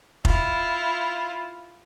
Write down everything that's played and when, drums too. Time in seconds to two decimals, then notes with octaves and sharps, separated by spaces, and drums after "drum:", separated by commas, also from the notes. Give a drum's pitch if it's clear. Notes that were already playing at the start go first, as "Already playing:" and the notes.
0.25 E4 F4, drum: kick F1